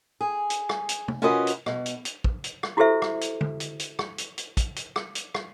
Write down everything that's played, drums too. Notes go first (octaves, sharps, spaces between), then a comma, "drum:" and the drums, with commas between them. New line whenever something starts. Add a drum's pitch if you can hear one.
G#4
drum: hi-hat
drum: rim click
drum: hi-hat
drum: tom
C#4 F4 F#4 A#4 B4 D#5
drum: hi-hat
B2, drum: rim click
drum: hi-hat
drum: hi-hat
drum: kick
drum: hi-hat
drum: rim click
E4 F#4 G4 A4 C5 E5
drum: rim click
drum: hi-hat
drum: tom D3
drum: hi-hat
drum: hi-hat
drum: rim click
drum: hi-hat
drum: hi-hat
drum: kick, hi-hat
drum: hi-hat
drum: rim click
drum: hi-hat
drum: rim click